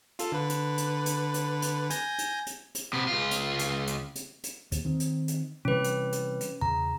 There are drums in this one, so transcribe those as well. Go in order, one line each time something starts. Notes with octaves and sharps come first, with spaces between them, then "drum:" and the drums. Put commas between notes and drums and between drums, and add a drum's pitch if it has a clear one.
F4 A4, drum: hi-hat
D3 B4
drum: hi-hat
drum: hi-hat
drum: hi-hat
drum: hi-hat
drum: hi-hat
G#5 G6 A#6, drum: hi-hat
drum: hi-hat
drum: hi-hat
drum: hi-hat
C3 B3
C#2 F4
drum: hi-hat
drum: hi-hat
drum: hi-hat
drum: hi-hat
drum: hi-hat
D#2, drum: hi-hat
D#3 C4
drum: hi-hat
drum: hi-hat
C3 E3 G3 C#4 B4
drum: hi-hat
drum: hi-hat
drum: hi-hat
E2 C#3 A#5